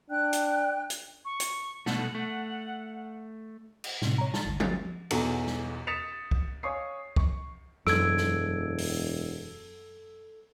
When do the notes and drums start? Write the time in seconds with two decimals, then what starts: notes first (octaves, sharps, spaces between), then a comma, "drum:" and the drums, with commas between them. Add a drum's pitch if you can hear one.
0.10 D4 G5 F#6
0.33 drum: hi-hat
0.90 drum: hi-hat
1.25 C#6
1.40 drum: hi-hat
1.86 B2 A3 A4 F#5, drum: snare
2.15 A3
3.84 drum: cymbal
4.02 A2 C3, drum: snare
4.18 C#5 A#5
4.34 A5 A6, drum: snare
4.45 G1 D2
4.60 A6, drum: tom F3
5.10 B1 E2 F#4 A4 A#5, drum: cymbal
5.47 drum: snare
5.87 D#6 A6 B6 C#7 E7 F7
6.31 drum: kick
6.63 C#5 F5 G#5 C#6 D#6 C7
7.16 C#6, drum: kick
7.87 E1 F#2 A4 E6 G#6 D7, drum: snare
8.17 drum: snare
8.78 drum: open hi-hat